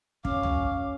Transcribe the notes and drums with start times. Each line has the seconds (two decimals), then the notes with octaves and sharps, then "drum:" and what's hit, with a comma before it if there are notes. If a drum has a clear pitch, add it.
0.25 F#2 C#4 F5 D6, drum: kick
0.43 drum: tom